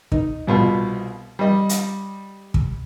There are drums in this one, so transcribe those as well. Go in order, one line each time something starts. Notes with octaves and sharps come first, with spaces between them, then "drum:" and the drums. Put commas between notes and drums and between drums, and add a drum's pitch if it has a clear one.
D#4, drum: kick
C2 B2 F4
G3 D#5
drum: hi-hat
drum: kick